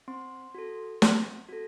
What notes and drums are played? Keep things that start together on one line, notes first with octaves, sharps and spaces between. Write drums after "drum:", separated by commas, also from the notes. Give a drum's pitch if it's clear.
C4 C6
F#4 A4
C4, drum: snare
F#4 A4